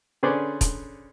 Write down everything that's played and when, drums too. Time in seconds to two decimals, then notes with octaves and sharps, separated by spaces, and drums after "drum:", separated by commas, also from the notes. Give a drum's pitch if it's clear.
0.23 D3 C#4 G#4 B4 C5 D5
0.61 drum: kick, hi-hat